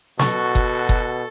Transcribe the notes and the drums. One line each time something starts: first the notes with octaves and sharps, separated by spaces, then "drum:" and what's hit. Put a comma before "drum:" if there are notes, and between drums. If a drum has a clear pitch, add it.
B2 F#4 A4 C#6, drum: snare
drum: kick F#1
drum: kick F#1